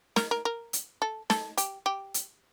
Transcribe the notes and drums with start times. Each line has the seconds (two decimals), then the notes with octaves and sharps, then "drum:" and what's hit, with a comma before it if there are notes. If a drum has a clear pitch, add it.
0.16 A#4, drum: snare
0.31 A#4
0.45 A#4
0.73 drum: hi-hat
1.02 A4
1.30 A4, drum: snare
1.57 G4, drum: hi-hat
1.86 G4
2.14 drum: hi-hat